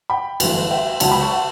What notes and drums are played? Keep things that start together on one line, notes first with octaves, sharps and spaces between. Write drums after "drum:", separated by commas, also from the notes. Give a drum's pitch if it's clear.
G5 B5
G1 F#2 E3 A3, drum: cymbal
E5 G5
C#2 C#3 F#3 C#4 F#5 A5, drum: cymbal
G5 B5
A5 C#6
F#5 A5